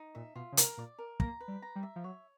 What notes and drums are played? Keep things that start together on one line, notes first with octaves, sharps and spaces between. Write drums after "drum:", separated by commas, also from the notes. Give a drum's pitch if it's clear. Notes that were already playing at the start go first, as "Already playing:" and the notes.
Already playing: D#4
A#2 E5
B2 F4
C#3
C3 A#4, drum: hi-hat
A#2 D5
A#4
A#3 A#5, drum: kick
B4
G3
A#5
G3
E5
F3
F#3 C#5